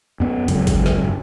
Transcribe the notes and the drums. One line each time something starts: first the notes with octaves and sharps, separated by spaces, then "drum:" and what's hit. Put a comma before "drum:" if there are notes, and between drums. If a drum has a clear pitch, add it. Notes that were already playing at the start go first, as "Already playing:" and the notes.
F#2 B3
F1 C#2 F#2, drum: hi-hat
drum: kick, hi-hat
drum: snare
drum: tom